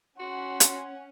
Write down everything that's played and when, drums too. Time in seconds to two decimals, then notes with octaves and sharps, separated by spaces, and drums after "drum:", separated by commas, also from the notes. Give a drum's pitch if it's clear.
0.20 C#4 F#4 F#5 C6
0.60 drum: hi-hat